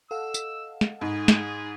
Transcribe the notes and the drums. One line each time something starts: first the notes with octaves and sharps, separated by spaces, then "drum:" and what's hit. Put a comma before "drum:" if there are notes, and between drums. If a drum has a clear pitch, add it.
A4 D#5 F5 F#5 E6
drum: tambourine
drum: snare
G#2 D#4 G#4 B5
drum: snare